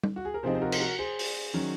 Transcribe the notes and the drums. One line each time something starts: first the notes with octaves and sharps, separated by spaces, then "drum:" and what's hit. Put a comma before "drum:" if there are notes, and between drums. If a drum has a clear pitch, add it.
drum: tom G3
F#4
G#4
A#4
C3 F3 C4 D#4 G#4 C5
C5
F#4 A#4
C5, drum: cymbal
F#4 A#4
G#4 C5
drum: open hi-hat
D#3 F#3 C#4